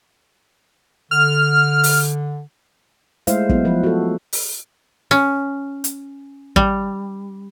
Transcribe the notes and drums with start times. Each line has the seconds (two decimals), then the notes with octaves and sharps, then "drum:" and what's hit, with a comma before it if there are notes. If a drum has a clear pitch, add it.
1.11 D3 F6
1.84 drum: open hi-hat
3.27 G#3 A3 E4 C5 E5 F5, drum: hi-hat
3.49 F#3 B3 E4, drum: kick
3.65 F3 B4
3.83 F#4 A4
4.33 drum: open hi-hat
5.11 C#4, drum: snare
5.84 drum: hi-hat
6.56 G3, drum: kick